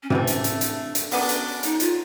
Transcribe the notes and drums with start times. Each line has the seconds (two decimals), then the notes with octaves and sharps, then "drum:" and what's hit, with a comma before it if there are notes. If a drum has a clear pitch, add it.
0.03 C#4
0.10 C3 E3 A3 C4, drum: tom
0.27 C#4, drum: hi-hat
0.44 D4, drum: hi-hat
0.61 drum: hi-hat
0.95 drum: hi-hat
1.11 F#3 B3 C#4 D4, drum: open hi-hat
1.29 drum: hi-hat
1.63 D#4, drum: hi-hat
1.80 F4, drum: hi-hat